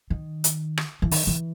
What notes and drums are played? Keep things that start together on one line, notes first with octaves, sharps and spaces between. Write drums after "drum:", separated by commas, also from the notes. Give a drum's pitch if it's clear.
D#3
drum: hi-hat
drum: rim click
E3
D#3, drum: open hi-hat
E3